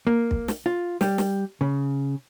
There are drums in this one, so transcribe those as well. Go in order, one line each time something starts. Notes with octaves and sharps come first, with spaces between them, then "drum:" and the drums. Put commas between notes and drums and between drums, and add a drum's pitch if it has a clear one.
A#3
drum: kick
drum: snare
F4
G3, drum: snare
drum: snare
C#3